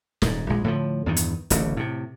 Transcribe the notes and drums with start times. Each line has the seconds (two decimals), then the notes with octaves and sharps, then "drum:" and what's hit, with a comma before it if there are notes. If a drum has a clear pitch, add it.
0.22 D#1 G#2, drum: snare
0.50 A#1 G#3
0.64 A2 D3 E3 F3
1.06 E2 G2 D#3
1.17 drum: hi-hat
1.50 D1 A1 D#2 C#3, drum: hi-hat
1.77 A2 C3